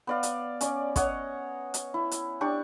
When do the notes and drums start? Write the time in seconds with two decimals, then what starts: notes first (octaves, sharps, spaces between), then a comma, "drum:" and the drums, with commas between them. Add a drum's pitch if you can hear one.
0.07 B3 D5 F5
0.23 drum: hi-hat
0.61 C#4 D5, drum: hi-hat
0.96 C#5 D#5 F#5, drum: kick, hi-hat
1.74 drum: hi-hat
1.94 E4
2.11 drum: hi-hat
2.41 D4 G4 C#6